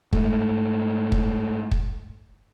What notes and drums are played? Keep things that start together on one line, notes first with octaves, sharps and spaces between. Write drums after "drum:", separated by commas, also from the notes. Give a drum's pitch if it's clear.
G#2 A3, drum: kick
drum: kick
drum: kick